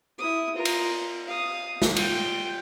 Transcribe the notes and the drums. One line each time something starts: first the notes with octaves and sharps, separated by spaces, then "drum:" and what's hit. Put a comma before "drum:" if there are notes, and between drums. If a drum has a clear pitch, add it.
E4 D#6
F4 A#4
drum: cymbal
F5 D#6
drum: snare
F4 G5, drum: cymbal